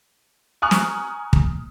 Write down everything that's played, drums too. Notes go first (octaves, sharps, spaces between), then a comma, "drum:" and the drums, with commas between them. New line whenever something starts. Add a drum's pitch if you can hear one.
G#5 A#5 C#6 D#6 F6 F#6
drum: snare
drum: kick